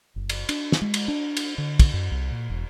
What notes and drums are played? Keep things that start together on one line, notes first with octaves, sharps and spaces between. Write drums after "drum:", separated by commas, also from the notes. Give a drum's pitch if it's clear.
F#1
drum: cymbal
D4, drum: cymbal
drum: snare
G#3
drum: cymbal
D4
drum: cymbal
D3
drum: kick, cymbal
F#2
C2
A#2
E1